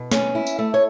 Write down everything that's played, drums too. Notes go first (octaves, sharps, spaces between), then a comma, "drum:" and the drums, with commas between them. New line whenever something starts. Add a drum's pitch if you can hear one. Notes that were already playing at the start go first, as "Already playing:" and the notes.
Already playing: B2
C#4, drum: snare
E4
drum: tambourine
A3
C#5